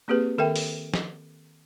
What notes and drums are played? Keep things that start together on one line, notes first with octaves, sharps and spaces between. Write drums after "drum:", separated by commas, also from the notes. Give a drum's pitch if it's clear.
A#3 C4 G4 G#4 B4
D#3 A4 A#4 E5 G5
drum: open hi-hat
drum: snare